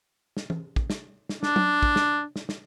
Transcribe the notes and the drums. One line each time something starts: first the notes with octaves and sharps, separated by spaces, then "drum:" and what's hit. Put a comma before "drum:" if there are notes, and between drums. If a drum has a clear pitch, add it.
drum: snare
drum: tom E3
drum: kick
drum: snare
drum: snare
D4, drum: snare
drum: tom F#3
drum: kick
drum: snare
drum: snare
drum: snare